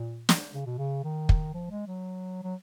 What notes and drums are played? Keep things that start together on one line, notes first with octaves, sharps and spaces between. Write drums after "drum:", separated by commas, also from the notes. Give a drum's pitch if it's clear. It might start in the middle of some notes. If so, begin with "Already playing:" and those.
Already playing: A#2
drum: snare
C#3
B2
C#3
D#3
drum: kick
F3
G#3
F#3
F#3